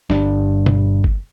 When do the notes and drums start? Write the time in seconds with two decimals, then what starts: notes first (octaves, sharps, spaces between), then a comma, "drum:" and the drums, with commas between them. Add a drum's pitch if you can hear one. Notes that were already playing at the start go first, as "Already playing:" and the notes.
0.10 G1 G2 D4, drum: snare
0.66 drum: tom B2
1.04 drum: kick